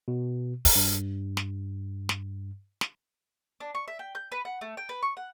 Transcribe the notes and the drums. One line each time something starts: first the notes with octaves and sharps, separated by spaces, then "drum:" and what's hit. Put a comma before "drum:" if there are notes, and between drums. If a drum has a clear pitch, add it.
B2
drum: kick, open hi-hat
G2
drum: snare
drum: snare
drum: snare
D4
C#6
E5
G5
G6
B4
F#5
A3
G5
B4
C#6
F#5